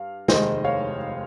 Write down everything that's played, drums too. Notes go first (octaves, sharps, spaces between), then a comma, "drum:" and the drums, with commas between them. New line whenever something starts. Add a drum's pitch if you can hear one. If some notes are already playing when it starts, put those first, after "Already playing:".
Already playing: G2 F5
F1 D#2 D#3 G#3 C5 D#5, drum: snare
C#5 F5